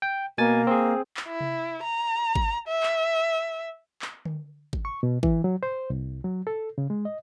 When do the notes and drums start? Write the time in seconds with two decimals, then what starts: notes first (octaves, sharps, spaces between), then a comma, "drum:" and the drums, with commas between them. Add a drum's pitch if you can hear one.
0.02 G5
0.38 B2 A#3 G#5 A6
0.67 C4 G#4
1.17 drum: clap
1.27 E4
1.41 drum: tom C3
1.84 A#5
2.36 drum: kick G#1
2.68 E5
2.83 drum: clap
4.02 drum: clap
4.25 drum: tom D3
4.73 drum: kick G#1
4.85 C#6
5.03 B2
5.23 E3, drum: kick G#1
5.44 F#3
5.63 C5
5.90 C2
6.24 F#3
6.47 A4
6.78 C#3
6.90 G#3
7.05 D#5